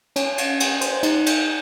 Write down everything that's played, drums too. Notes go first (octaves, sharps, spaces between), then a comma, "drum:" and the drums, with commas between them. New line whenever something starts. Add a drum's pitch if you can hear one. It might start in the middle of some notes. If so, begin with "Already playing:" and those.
C#4, drum: cymbal
drum: cymbal
drum: cymbal
C5, drum: cymbal
D#4, drum: cymbal
drum: cymbal